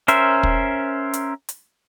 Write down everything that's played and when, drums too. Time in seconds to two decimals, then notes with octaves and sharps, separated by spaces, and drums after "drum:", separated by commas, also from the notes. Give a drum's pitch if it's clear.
0.08 C#4 A#4 C5 E5, drum: hi-hat
0.43 drum: kick
1.13 drum: hi-hat
1.49 drum: hi-hat